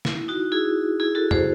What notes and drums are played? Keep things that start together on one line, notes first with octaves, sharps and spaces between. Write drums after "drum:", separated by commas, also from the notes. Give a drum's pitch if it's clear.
E4, drum: snare
D#4 F#4
E4 G#4
E4 G#4
F#4 A4
G#4 C5, drum: tom E2